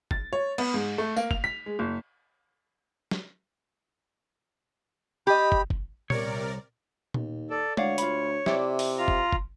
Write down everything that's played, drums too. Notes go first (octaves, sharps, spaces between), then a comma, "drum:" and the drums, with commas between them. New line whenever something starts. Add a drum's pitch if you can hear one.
A6, drum: kick
C#5
B3, drum: cymbal
G#2
A3
A#3, drum: tambourine
F7, drum: kick
B6
G#3
F#1
drum: snare
G4 D#5 B5
drum: kick
drum: kick
C2 C3 A#4 C#5 D5, drum: tom A#2
D#2, drum: tom A#2
A4 D5
D2 C#5 D5 F5 F#5, drum: tom G#3
F4 B5, drum: hi-hat
C3 E4 D5, drum: snare
drum: open hi-hat
F4 A#5
drum: kick
drum: kick